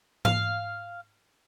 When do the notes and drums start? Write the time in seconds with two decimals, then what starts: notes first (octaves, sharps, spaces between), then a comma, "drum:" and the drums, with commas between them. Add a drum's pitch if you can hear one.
0.25 F5, drum: tom